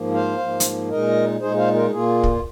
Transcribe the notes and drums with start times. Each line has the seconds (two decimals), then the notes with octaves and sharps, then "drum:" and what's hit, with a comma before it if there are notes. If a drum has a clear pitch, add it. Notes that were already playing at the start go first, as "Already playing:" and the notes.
Already playing: G#2 F3 A#3
0.14 C5 F5
0.39 G#2 F3 A#3
0.60 drum: hi-hat
0.89 A#2 G#3 D#4 A#4 D#5
1.40 A#2 G#3 D#4 G#4 C5
1.57 C5 F5
1.74 F4 A#4
1.91 A#2 A#3 F4 G#4
2.24 drum: kick